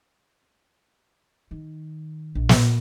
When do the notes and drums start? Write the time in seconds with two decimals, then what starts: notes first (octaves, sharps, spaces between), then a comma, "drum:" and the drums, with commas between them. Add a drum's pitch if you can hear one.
1.51 D#3
2.35 A#1
2.49 A#2, drum: snare